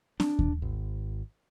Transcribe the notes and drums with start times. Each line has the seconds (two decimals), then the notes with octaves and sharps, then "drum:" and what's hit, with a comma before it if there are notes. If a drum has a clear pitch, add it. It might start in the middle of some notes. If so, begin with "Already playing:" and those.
0.20 D4, drum: snare C4
0.39 drum: kick D#2
0.62 G#1